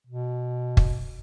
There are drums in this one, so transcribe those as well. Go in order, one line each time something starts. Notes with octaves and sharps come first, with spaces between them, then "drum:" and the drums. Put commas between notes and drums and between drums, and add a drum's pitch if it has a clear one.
B2
drum: kick